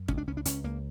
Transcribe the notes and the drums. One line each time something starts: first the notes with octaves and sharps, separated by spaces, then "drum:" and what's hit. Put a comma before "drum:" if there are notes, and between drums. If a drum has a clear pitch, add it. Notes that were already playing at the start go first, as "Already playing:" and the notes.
Already playing: F#2
C#2 C#4, drum: kick
D4
C#2 C#4
D4
C#2 C#4, drum: hi-hat
C#2 A#3